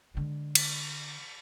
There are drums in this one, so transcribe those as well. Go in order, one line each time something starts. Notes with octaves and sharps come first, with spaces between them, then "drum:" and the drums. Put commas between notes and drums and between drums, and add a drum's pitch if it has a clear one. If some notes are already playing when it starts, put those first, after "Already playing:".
D3 G#3
drum: cymbal